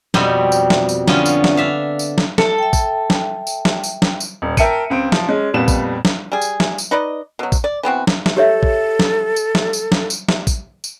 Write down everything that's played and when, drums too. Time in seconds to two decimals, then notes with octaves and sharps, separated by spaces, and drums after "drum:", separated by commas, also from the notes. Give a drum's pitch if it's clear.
0.14 F2 B2 G3 C4 G#5, drum: snare
0.52 drum: tambourine
0.70 drum: snare
0.89 drum: tambourine
1.08 D3 F3 B3 C#4 F4, drum: snare
1.26 drum: tambourine
1.44 drum: snare
1.57 D4 E5 F5
1.99 drum: tambourine
2.18 drum: snare
2.38 A4, drum: snare
2.58 E5 G5
2.73 drum: kick, tambourine
3.10 drum: snare
3.47 drum: tambourine
3.65 drum: snare
3.84 drum: tambourine
4.02 drum: snare
4.20 drum: tambourine
4.42 D#1
4.57 A#4 E5 G5 A5 C#7 D#7, drum: kick, tambourine
4.90 C#2 C4 D7
5.12 F3, drum: snare
5.28 G#3 C#4
5.54 F2 A#2 G3 B3 E7
5.68 drum: kick, tambourine
6.05 drum: snare
6.32 G3 G#4
6.42 drum: tambourine
6.60 drum: snare
6.78 drum: tambourine
6.91 D#4 B4 D5 D#5
7.39 B2 F#3
7.52 drum: kick, tambourine
7.64 D5
7.83 E3 B3 C4 F#4
8.07 drum: snare
8.26 drum: snare
8.37 G4 A4 C#5 E5
8.63 drum: kick
9.00 drum: snare
9.36 drum: tambourine
9.55 drum: snare
9.73 drum: tambourine
9.92 drum: snare
10.10 drum: tambourine
10.29 drum: snare
10.47 drum: kick, tambourine
10.84 drum: tambourine